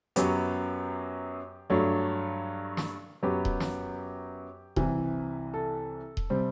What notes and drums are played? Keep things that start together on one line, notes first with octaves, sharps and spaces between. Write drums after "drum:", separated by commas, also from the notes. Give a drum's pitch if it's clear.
F#2 F#3 B3 G4, drum: hi-hat
G2 F#3 A3 D4
drum: snare
F#2 F#3 B3 G4
drum: kick D#1
drum: snare
C2 C3 E3, drum: kick D#1
A4
drum: kick D#1
C3 G3 C4